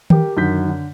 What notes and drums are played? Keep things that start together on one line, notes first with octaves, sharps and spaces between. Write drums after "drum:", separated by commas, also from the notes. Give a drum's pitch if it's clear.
G4 A#4 G5, drum: tom D#3
F#2 D3 D#3 G6 B6
D3